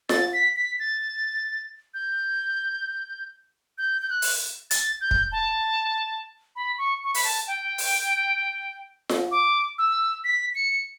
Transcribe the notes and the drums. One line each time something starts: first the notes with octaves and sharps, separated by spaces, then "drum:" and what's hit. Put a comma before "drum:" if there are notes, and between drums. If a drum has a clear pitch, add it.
A6, drum: snare F4
B6
B6
A6
G6
G6
G6
F#6
drum: open hi-hat
A6, drum: hi-hat
G6
drum: kick
A5
B5
C#6
C#6
B5, drum: open hi-hat
A5
G5
drum: open hi-hat
drum: snare F4
D6
E6
B6
C#7